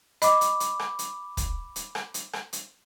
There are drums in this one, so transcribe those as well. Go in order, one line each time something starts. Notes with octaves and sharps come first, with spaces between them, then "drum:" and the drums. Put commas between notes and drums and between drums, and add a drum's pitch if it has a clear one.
D#5 B5 D6, drum: hi-hat
drum: hi-hat
drum: hi-hat
drum: rim click
drum: hi-hat
drum: kick, hi-hat
drum: hi-hat
drum: rim click
drum: hi-hat
drum: rim click
drum: hi-hat